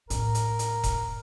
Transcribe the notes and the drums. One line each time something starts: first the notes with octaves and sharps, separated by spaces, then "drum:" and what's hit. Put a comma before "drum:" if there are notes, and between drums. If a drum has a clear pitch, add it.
A2 A#4, drum: hi-hat
drum: hi-hat
drum: hi-hat
drum: kick D#1, hi-hat